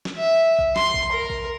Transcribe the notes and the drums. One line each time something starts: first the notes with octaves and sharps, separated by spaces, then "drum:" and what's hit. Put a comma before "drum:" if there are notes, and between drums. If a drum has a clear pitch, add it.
drum: snare
E5
drum: kick
C6, drum: snare
drum: kick
A#4
drum: kick